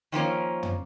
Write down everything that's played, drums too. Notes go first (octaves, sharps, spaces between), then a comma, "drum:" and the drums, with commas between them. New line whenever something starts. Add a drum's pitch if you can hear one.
D#3 F3 A#3 C#4
drum: tom